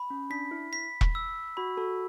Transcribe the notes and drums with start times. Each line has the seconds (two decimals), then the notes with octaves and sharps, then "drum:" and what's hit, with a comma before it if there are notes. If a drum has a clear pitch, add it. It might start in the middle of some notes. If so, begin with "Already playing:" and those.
Already playing: B5
0.10 C#4
0.30 D4 B6
0.51 E4
0.73 B6
1.01 drum: kick E1
1.15 E6
1.57 F#4 B5
1.77 F#4 A4